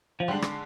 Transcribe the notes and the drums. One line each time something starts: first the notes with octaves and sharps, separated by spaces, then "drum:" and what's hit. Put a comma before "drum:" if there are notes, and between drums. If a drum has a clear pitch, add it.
F3
D3 G3 G#3 D4
drum: rim click